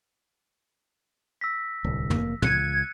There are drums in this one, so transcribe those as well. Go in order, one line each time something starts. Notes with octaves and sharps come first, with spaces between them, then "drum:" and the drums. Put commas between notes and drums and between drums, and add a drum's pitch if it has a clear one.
E6 A#6 B6
D1 C2
F1 A#3, drum: tom
C#2 F#6 G#6 C#7 D#7, drum: tom